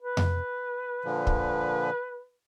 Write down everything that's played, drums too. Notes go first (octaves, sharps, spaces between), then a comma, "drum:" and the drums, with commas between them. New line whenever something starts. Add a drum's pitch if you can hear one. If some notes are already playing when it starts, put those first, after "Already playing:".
B4
drum: tom F2
A#2 D3 F3
drum: kick